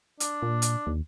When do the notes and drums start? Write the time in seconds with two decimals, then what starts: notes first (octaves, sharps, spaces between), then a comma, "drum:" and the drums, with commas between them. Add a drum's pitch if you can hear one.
0.20 D4, drum: hi-hat
0.42 A#2
0.62 drum: hi-hat
0.87 D#2